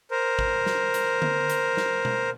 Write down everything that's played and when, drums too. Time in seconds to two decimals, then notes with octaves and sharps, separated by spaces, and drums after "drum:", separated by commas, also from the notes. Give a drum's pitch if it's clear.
0.11 A#4 C5
0.39 drum: kick
0.66 drum: snare
0.94 drum: hi-hat
1.22 drum: tom D3
1.50 drum: hi-hat
1.77 drum: snare
2.05 drum: tom B2